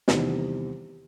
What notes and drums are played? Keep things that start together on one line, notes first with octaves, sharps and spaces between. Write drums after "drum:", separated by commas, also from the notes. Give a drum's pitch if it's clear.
E2 C3 D#3 G3, drum: snare